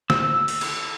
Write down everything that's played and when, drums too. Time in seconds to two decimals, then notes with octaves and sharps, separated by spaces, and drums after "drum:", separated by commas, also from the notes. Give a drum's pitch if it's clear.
0.10 E6, drum: snare
0.48 drum: open hi-hat
0.61 drum: cymbal